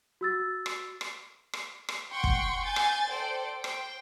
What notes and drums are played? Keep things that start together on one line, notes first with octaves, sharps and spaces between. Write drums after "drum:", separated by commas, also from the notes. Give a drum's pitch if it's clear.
F#4 E6 A6
drum: rim click
drum: rim click
drum: rim click
drum: rim click
F#5 G5 C6 C#6
drum: kick
G#5 G6 A6
drum: rim click
A4 C5 D5 G5
C5 G5, drum: rim click